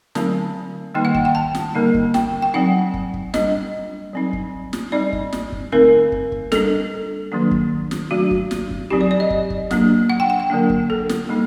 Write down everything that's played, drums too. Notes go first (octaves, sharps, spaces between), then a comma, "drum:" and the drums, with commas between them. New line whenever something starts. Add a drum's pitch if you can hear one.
D3 F#3 A3 C4 D#4 A5, drum: snare
D#3 G3 A#3 D#4 G5
F#5
G5, drum: kick
G5
A5
drum: snare
D3 G3 A#3 D#4
drum: kick
G5, drum: snare
G5
F#3 C4 D#4 F#5
drum: kick
drum: kick
G3 D4 D#5, drum: snare
F#3 C4 D#4
drum: kick
drum: snare
G3 C4 D#4 D5
drum: kick
drum: snare
drum: kick
D3 A3 C4 D#4 A#4
drum: kick
drum: kick
G3 D4 A4, drum: snare
D#3 F#3 A#3 D4
drum: kick
drum: snare
F#3 A3 D4 F#4
drum: kick
drum: snare
drum: kick
F#3 C4 D#4 G4
D5
D5
D#5
drum: kick
drum: kick
F#3 A#3 D4, drum: snare
F#5
G5
G5
F#5
D3 F#3 A#3 D4
drum: kick
A4
drum: snare
G3 A#3 D#4